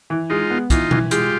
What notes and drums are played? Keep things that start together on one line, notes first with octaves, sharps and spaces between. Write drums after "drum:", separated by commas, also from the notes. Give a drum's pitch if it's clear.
E3
G#3 D#4 F4
B3
E3 D#4 F4, drum: kick, hi-hat
E3, drum: tom B2
G#3 F4 G4, drum: hi-hat